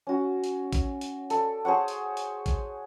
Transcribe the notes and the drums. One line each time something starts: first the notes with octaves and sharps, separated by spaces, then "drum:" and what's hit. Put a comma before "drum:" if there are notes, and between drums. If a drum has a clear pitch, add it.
C#4 F#4
drum: hi-hat
drum: kick A1, hi-hat
drum: hi-hat
A4 D5, drum: hi-hat
G#4 C5 C#5 F#5
drum: hi-hat
drum: hi-hat
drum: kick A1, hi-hat